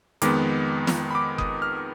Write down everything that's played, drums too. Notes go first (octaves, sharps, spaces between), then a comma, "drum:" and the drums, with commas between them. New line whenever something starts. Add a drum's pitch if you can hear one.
F2 D#3 G#3 B3 D6, drum: hi-hat
drum: snare
B5
D6
D#6, drum: kick F#1
F6